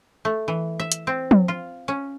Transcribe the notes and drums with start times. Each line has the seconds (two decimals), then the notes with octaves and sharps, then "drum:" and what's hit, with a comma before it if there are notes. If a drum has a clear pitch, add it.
0.25 A3
0.48 E3
0.80 E5
0.92 drum: hi-hat
1.07 C4
1.31 drum: tom F3
1.48 F4
1.88 C#4